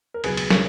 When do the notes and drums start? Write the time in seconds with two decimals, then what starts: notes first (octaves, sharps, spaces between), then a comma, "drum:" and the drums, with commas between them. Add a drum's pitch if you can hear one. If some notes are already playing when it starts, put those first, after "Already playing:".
0.14 A#4
0.24 C#2 B2 F#3 G#4 B4, drum: cymbal
0.37 drum: cymbal
0.50 A#4 C#5, drum: snare